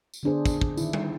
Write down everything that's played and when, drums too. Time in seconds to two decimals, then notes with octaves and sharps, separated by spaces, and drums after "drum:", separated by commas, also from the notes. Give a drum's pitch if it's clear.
0.14 drum: tambourine
0.23 D3 B3 D4 G#4 C5
0.46 drum: kick, tambourine
0.61 drum: kick
0.77 D#3 E4, drum: tambourine
0.93 drum: tom G3